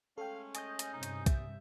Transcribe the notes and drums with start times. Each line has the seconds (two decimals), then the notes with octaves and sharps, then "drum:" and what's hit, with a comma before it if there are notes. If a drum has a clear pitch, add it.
0.18 G#3 A3 C#4 A4 F5 G5
0.55 D#5 G#5 D#6 G6, drum: hi-hat
0.79 drum: hi-hat
0.94 G2 C3 D#4
1.03 drum: hi-hat
1.26 E5, drum: kick B1, hi-hat